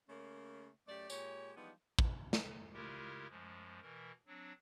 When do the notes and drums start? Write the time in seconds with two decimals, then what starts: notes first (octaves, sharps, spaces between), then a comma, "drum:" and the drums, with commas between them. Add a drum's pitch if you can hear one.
0.09 C#3 A3 A#3 C#4
0.88 F#2 A3 G4 D5
1.10 A#2 G#3 G4 C#5, drum: tambourine
1.57 E3 F3 G3 G#3 B3 D#4
1.99 drum: kick
2.33 drum: snare
2.73 C#3 G#3 E4 F4 G4 A#4
3.29 F#2 F3 G#3
3.81 B2 E3 A#4
4.27 F#3 C4 D4